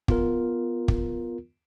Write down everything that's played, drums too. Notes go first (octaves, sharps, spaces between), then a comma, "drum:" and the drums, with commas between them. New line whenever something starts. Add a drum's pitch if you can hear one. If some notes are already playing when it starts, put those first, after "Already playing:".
B3 F4 A#4, drum: kick
drum: kick